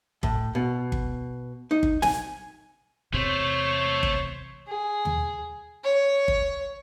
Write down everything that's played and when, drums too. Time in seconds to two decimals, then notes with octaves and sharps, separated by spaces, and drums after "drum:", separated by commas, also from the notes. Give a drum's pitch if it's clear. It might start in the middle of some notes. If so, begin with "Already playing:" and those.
0.23 A2, drum: kick G1
0.55 B2
0.92 drum: kick G1
1.71 D#4
1.83 drum: kick G1
2.02 G#5, drum: snare
3.14 E2 C3 A3 C5 C#5
4.03 drum: kick G1
4.68 G#4
5.05 drum: tom D#2
5.84 C#5
6.28 drum: kick G1